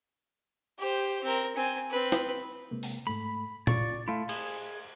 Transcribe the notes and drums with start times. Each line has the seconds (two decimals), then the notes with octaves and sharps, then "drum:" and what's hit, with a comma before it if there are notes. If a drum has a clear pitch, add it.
0.78 G4 C5
1.23 C4 A#4
1.56 C4 G#5
1.90 C4 B4
2.12 drum: snare
2.71 C3 G#3 A#3
2.83 drum: open hi-hat
3.07 G#2 A3 B5
3.67 F4 D5 C#6, drum: tom A#2
4.08 A3 E4 F5 C6
4.29 G#4, drum: cymbal